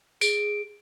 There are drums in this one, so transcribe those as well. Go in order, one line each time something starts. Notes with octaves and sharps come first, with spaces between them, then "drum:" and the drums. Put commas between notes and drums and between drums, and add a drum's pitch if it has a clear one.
G#4 D7, drum: tambourine